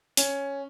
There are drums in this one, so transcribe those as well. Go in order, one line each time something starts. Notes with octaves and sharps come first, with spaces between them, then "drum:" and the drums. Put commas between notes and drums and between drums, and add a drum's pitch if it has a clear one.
C#4, drum: hi-hat